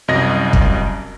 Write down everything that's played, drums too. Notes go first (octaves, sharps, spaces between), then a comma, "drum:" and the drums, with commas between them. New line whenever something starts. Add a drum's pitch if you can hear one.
C2 F#2 D#5 G#6 A#6
drum: kick